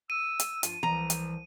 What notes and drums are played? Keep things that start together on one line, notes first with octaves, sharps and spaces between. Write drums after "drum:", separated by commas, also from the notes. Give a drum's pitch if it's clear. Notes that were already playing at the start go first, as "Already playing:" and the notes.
E6 D#7
drum: hi-hat
G2 F3 F4, drum: hi-hat
C2 E3 F3 A#5
drum: hi-hat